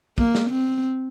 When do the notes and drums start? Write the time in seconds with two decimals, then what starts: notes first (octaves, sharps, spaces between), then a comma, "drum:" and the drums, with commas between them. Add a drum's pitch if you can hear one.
0.18 A#3, drum: kick
0.35 drum: snare
0.50 C4